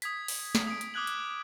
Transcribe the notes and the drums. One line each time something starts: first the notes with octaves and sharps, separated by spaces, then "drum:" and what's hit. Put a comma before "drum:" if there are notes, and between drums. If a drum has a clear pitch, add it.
D#6 G#6 B6, drum: hi-hat
drum: open hi-hat
drum: snare
D#6 D7
drum: hi-hat
D6 D#6 F6 F#6 G#6 F#7
drum: hi-hat